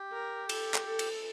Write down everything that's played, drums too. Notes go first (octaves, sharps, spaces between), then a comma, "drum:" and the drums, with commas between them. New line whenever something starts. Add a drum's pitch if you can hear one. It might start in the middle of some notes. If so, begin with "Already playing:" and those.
Already playing: G4
A#4
A4, drum: cymbal
drum: clap
A4
drum: cymbal